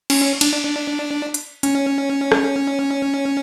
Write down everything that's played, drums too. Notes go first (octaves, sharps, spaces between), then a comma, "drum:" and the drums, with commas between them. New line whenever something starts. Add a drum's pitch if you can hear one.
C#4, drum: cymbal
D4, drum: cymbal
drum: hi-hat
C#4, drum: hi-hat
drum: rim click